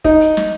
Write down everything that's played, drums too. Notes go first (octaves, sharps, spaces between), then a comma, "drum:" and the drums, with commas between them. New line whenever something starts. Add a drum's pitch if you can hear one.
D#4, drum: kick, hi-hat
drum: hi-hat
drum: snare